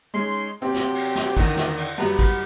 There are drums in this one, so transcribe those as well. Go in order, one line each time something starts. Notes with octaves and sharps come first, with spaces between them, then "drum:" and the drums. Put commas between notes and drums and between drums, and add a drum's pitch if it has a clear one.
G#3 C#4 D#4 C6
C3 F#3 C4 G4
drum: snare
drum: cymbal
drum: snare
E2 D3 D#3, drum: kick, cymbal
drum: snare
drum: cymbal
F#2 G3 B3 A#5
drum: kick, cymbal